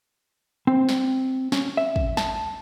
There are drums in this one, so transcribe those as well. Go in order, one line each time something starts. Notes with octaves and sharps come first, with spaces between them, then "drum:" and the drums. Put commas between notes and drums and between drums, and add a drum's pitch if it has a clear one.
C4
drum: snare
C#4, drum: snare
E5
drum: kick
A5, drum: snare